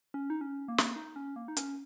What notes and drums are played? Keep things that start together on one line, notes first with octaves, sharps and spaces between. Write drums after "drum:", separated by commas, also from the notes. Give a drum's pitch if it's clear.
C#4
D#4
C#4
A#3
drum: snare
D#4
C#4
A#3
D#4
C#4, drum: hi-hat